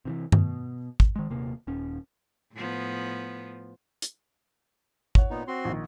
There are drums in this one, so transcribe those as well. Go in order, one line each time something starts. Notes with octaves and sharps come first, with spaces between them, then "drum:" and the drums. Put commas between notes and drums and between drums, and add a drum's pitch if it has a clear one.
C3 D#3 E3
B2, drum: tom G2
drum: kick
D#3 G#3
D#1 C3 A#3
D#1 C#4
A2 F3 B3
drum: hi-hat
C#5 F#5, drum: kick
A#2 B3 D#4
C4 F#4 C6
A#1 D#3